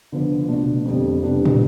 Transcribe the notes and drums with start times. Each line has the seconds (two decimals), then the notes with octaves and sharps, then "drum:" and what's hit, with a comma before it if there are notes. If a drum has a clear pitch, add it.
0.12 D3 F3 B3
0.48 B2 A3 D4
0.85 F2 D3 G3
1.22 C3 E3 G3 B3 D4
1.46 drum: tom